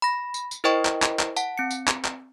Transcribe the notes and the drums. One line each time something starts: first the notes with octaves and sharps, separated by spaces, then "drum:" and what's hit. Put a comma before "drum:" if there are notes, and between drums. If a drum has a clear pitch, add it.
B5 A#6
drum: tambourine
drum: tambourine
E4 A#4 C5 D#5 G5 C#6
drum: clap
drum: clap
drum: clap
F#5 A5, drum: tambourine
C4 C#7
drum: tambourine
drum: clap
drum: clap